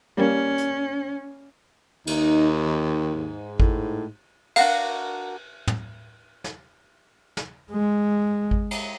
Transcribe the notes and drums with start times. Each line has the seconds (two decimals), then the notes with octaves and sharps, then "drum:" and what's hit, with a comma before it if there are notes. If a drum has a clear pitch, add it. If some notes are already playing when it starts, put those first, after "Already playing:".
0.17 G3 A#3 C#4
0.58 drum: hi-hat
2.07 D#2 D#4, drum: cymbal
2.67 D#3
3.16 G#2
3.60 A2, drum: kick G#1
4.56 D4 F#4 A#4 F5, drum: cymbal
5.67 drum: tom
6.44 drum: snare
7.37 drum: snare
7.71 G#3
8.51 drum: kick G#1
8.71 drum: cymbal